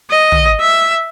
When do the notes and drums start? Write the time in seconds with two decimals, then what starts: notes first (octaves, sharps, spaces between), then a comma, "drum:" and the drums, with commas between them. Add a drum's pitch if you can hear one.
0.10 D#5
0.32 drum: tom
0.60 E5